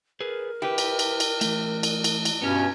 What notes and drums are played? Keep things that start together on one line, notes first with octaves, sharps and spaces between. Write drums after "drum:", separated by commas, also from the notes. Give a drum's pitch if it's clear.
G#4 A#4 B4
E4 G4 B4
drum: cymbal
drum: cymbal
drum: cymbal
E3 A3, drum: cymbal
drum: cymbal
drum: cymbal
drum: cymbal
G2 B2 B3 C#4 G4